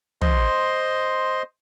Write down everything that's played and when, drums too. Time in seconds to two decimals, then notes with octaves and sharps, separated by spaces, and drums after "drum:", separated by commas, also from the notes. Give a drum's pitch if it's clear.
0.22 C5 D#5 C6, drum: tom